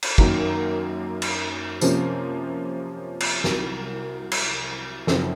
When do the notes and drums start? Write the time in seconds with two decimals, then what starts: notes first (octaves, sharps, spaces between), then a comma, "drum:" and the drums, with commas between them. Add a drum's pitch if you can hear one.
0.02 drum: cymbal
0.18 F#2 D#3 F#3 A#3 A#4, drum: kick
1.22 drum: cymbal
1.81 C3 F3 A#3 C#4 C5, drum: tambourine
3.20 drum: cymbal
3.44 C2 C3 F#3 A#4, drum: snare
4.31 drum: cymbal
5.07 F#2 C#3 F3 C4 A4, drum: snare